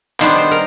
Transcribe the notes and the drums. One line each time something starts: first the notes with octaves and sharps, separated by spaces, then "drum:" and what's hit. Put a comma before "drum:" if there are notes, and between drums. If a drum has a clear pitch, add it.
D#3 G3 B3 D4 C5, drum: clap
C5
A#4